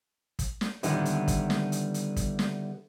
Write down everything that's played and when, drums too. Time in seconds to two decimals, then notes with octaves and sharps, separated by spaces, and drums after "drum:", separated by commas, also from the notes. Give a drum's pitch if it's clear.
0.39 drum: kick, hi-hat
0.61 drum: snare
0.83 D3 D#3 G3 B3 E4, drum: hi-hat
1.05 drum: hi-hat
1.28 drum: kick, hi-hat
1.50 drum: snare
1.72 drum: hi-hat
1.94 drum: hi-hat
2.16 drum: kick, hi-hat
2.39 drum: snare